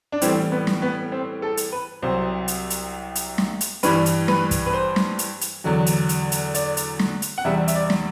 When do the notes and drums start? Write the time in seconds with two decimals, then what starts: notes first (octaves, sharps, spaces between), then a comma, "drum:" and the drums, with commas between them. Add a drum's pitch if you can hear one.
0.12 D4
0.22 A2 E3 G3 C4, drum: hi-hat
0.52 B3
0.67 drum: snare
0.82 B3
1.12 C4
1.42 A4
1.57 drum: hi-hat
1.72 B4
2.02 C2 C3 F#3 C5
2.48 drum: hi-hat
2.70 drum: hi-hat
3.15 drum: hi-hat
3.38 drum: snare
3.61 drum: hi-hat
3.83 G2 E3 G3 B4, drum: hi-hat
4.06 drum: hi-hat
4.28 B4, drum: snare
4.51 drum: kick, hi-hat
4.66 B4
4.73 C5
4.96 drum: snare
5.19 drum: hi-hat
5.41 drum: hi-hat
5.64 E2 D3 F#3
5.86 drum: hi-hat
6.09 drum: hi-hat
6.32 drum: hi-hat
6.54 D5, drum: hi-hat
6.77 drum: hi-hat
6.99 drum: snare
7.22 drum: hi-hat
7.38 F#5
7.45 E2 C3 G3 E5
7.68 E5, drum: hi-hat
7.75 D5
7.90 drum: snare